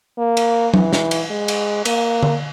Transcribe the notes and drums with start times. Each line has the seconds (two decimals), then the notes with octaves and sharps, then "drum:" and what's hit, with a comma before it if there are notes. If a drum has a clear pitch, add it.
0.18 A#3
0.37 drum: cymbal
0.74 E3, drum: tom F#3
0.93 drum: snare
1.11 drum: cymbal
1.30 G#3
1.48 drum: cymbal
1.85 A#3, drum: cymbal
2.23 drum: tom D3